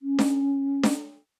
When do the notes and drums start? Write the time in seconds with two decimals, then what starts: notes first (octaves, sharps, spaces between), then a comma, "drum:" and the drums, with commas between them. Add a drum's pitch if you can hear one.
0.02 C#4
0.19 drum: snare D4
0.83 drum: snare D4